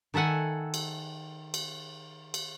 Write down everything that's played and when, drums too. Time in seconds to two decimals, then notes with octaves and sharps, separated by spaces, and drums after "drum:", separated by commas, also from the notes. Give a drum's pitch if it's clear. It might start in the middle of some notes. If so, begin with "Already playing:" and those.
0.14 D#3 A4 E5 F#5 G#5
0.74 drum: cymbal
1.54 drum: cymbal
2.34 drum: cymbal